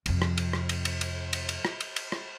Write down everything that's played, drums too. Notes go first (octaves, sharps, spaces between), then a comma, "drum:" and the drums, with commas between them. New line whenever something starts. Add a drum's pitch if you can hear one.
F2 C3, drum: cymbal
drum: rim click
drum: cymbal
drum: rim click
drum: cymbal
drum: cymbal
drum: cymbal
drum: cymbal
drum: cymbal
drum: rim click
drum: cymbal
drum: cymbal
drum: rim click